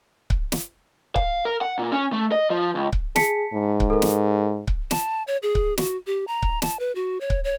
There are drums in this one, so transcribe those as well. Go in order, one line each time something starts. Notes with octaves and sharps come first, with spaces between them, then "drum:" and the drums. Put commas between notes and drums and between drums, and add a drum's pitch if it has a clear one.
drum: kick C#1
drum: snare
F5, drum: kick C#1
A#4
F#5
A#2
C#4
A3
D#5
F3
C#2
drum: kick C#1
G#4 A5 B6 C#7, drum: snare
G#2
drum: kick C#1
A4 A#4
drum: snare
drum: kick C#1
A5, drum: snare
C#5
G#4
drum: kick C#1
F#4, drum: snare
G4
A#5
drum: kick C#1
A5, drum: snare
B4
F#4
C#5
drum: kick C#1
C#5